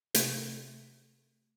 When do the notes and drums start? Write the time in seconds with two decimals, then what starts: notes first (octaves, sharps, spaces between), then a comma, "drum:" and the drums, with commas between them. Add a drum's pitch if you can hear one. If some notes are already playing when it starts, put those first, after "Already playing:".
0.15 C3 A3, drum: hi-hat